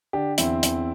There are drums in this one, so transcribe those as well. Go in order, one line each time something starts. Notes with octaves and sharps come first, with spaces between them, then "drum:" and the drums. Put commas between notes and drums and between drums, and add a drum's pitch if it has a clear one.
D3 D4 G4
E2 C4 E4, drum: hi-hat
E2, drum: hi-hat